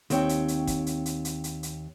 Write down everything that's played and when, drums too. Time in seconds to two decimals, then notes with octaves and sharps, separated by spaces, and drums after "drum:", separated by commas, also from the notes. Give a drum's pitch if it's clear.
0.10 D#2 C4 C#5 G5, drum: hi-hat
0.29 drum: hi-hat
0.48 drum: hi-hat
0.67 drum: kick, hi-hat
0.86 drum: hi-hat
1.06 drum: hi-hat
1.25 drum: hi-hat
1.44 drum: hi-hat
1.63 drum: hi-hat